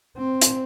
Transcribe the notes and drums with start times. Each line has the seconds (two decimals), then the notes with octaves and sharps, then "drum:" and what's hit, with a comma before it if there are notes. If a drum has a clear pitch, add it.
0.18 C4
0.42 drum: hi-hat